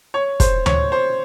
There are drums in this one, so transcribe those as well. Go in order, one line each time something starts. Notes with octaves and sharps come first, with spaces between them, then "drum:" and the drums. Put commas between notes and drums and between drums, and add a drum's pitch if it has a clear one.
C#5
C5, drum: kick, hi-hat
C#5, drum: tom D2
C5